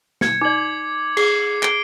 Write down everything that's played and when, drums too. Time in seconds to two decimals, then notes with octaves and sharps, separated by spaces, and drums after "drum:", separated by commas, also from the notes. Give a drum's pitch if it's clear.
0.21 G#6 C#7, drum: snare
0.42 D#4 D5 D6 F#7
1.17 G#4 C7, drum: cymbal
1.63 C7 D7 G7, drum: clap